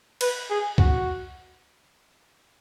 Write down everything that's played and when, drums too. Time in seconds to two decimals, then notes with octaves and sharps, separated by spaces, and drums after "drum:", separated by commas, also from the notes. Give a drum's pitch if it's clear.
0.21 B4, drum: cymbal
0.50 G#4
0.78 F#4, drum: kick